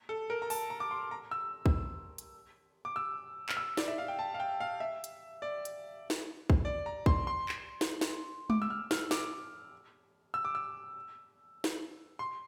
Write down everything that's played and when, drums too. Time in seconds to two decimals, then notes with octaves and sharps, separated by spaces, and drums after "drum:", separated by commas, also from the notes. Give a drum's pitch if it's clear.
0.09 A4
0.30 A#4
0.42 A#5
0.50 A5, drum: open hi-hat
0.70 A#5
0.80 D6
0.91 C6
1.11 A#5
1.31 E6
1.66 drum: kick A#1
2.18 drum: hi-hat
2.85 D6
2.96 E6
3.49 F6, drum: clap
3.57 E6
3.77 D5, drum: snare
3.88 E5
3.98 F5
4.08 G5
4.19 A5
4.34 F5
4.40 G5
4.60 F5
4.80 E5
5.04 drum: hi-hat
5.42 D5
5.65 drum: hi-hat
6.10 drum: snare
6.50 drum: kick A#1
6.65 D5
6.86 A#5
7.06 C6, drum: kick A#1
7.27 C6
7.49 drum: clap
7.81 drum: snare
8.01 drum: snare
8.50 D6, drum: tom G#3
8.62 E6
8.70 F6
8.91 F6, drum: snare
9.11 D6, drum: snare
10.34 E6
10.45 D6
10.55 E6
11.64 drum: snare
12.19 C6